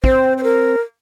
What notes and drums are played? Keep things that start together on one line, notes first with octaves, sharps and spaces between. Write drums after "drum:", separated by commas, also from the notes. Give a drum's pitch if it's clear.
C4 C5, drum: kick
C5
A#4